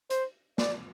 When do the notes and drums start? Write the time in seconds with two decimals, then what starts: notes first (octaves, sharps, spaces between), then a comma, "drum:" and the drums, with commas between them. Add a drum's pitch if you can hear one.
0.10 C5, drum: hi-hat
0.58 D5, drum: snare